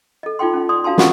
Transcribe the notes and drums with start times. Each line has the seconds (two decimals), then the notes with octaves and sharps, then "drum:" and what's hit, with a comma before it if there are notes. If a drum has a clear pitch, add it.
0.23 A4 D#5
0.39 D#4 F4 A4 G5 C6
0.54 C#4
0.69 D5 C6 D#6
0.84 D4 F#4 F5 G#5 A5 C6
0.98 F4 F#4 G#4 B4 F#5 C#6, drum: snare